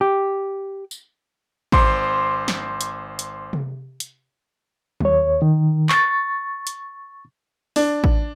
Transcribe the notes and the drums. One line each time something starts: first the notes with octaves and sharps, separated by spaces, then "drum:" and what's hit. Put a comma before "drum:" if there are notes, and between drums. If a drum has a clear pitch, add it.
G4
drum: tambourine
G#1 C5 C6 D6, drum: kick A1
drum: snare
drum: hi-hat
drum: hi-hat
drum: tom C3
drum: hi-hat
D#2 C#5, drum: tom F#3
D#3
C#6 A6, drum: clap
drum: hi-hat
D4, drum: open hi-hat
drum: kick A1